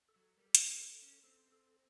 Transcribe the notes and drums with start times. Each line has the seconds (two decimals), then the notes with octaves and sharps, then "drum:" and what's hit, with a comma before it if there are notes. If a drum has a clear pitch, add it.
0.09 A4
0.16 F#3
0.38 G3 A#4
0.46 A4
0.55 C#4 A#4, drum: hi-hat
0.80 A4
1.02 C#4
1.23 C4 A4
1.52 A4